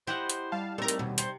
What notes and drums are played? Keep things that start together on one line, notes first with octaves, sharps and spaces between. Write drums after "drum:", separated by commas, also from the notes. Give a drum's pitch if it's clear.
E4 G4 C5 D#5 F#5
drum: hi-hat
G3 F5 A5
G3 A3 C4 D#4 A4 A#4
drum: hi-hat
D#2 B2
C3 C5, drum: hi-hat